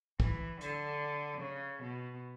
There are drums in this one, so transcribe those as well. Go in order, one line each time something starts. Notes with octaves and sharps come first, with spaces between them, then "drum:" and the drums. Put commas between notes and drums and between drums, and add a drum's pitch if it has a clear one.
E3, drum: kick
D3, drum: hi-hat
C#3
B2